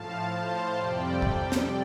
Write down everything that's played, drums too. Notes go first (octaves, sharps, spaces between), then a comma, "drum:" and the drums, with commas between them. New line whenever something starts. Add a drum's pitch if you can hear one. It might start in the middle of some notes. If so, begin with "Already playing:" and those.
Already playing: A2 F3 F5 A5
C5 F5
F2 C3 G3 D5 G5
drum: kick
drum: snare